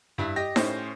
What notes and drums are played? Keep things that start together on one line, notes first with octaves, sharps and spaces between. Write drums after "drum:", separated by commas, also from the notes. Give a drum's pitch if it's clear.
G2 E4
G4 D#5 A#6
A2 C#4 C5, drum: snare D#4